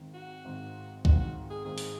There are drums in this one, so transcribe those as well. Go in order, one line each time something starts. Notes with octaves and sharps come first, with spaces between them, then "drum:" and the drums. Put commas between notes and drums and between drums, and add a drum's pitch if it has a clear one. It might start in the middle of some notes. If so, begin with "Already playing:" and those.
Already playing: G#1 G#2 D#3
F#4
G#1 G#2 D#3
G#1 G#2 D#3 F#4, drum: kick B1
F#4
G#4
G#1 G#2 D#3 G#4
drum: open hi-hat